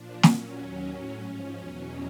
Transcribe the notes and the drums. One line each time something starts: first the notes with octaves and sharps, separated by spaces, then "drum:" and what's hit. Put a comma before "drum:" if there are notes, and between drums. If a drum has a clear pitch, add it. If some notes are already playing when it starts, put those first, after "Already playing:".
Already playing: A#2 F3 D4
A#2 F#3 C#4, drum: snare
D#2 D#3 F#3
A2 F#3 C#4
G#2 F3 C#4
E2 B2 F#3